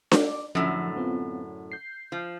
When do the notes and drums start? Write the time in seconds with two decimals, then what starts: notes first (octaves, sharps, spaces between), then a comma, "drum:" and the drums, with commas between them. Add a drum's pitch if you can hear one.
0.12 D4 D6, drum: snare D4
0.55 F#2 A2 D3 F3
0.96 B3 C4 F4
1.72 G6 C7
2.12 F3